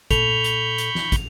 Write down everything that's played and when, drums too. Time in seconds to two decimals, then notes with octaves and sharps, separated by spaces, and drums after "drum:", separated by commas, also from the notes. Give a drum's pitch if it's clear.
0.11 A#2 A4 B5 C#6 G6 F7, drum: kick, hi-hat
0.44 drum: hi-hat
0.78 drum: hi-hat
0.95 drum: snare
1.12 drum: kick, hi-hat